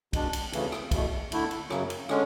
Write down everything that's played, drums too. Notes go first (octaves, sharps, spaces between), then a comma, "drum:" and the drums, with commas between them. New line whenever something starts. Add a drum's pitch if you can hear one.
B2 G#3 D4, drum: kick, cymbal
drum: cymbal
D2 C#3 E3 A3, drum: cymbal
drum: rim click
E2 B2 A3, drum: kick, cymbal
D3 A3 E4, drum: cymbal
drum: cymbal
F#2 C#3 F#3, drum: rim click
drum: cymbal
D3 G#3 C#4, drum: rim click